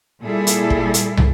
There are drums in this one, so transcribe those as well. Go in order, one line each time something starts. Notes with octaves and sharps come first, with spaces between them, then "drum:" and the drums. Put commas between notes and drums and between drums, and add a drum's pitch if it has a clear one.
A#2 G3 E4 G#4 A4
drum: hi-hat
drum: kick
drum: hi-hat
drum: tom